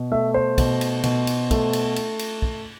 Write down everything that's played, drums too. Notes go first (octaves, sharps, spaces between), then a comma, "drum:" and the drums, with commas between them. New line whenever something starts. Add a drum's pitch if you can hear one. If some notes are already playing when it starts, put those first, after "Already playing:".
Already playing: B2
A3 E5
C5
B2, drum: kick, cymbal
drum: cymbal
B2, drum: cymbal
drum: cymbal
A3, drum: kick, cymbal
drum: cymbal
drum: cymbal
drum: cymbal
drum: kick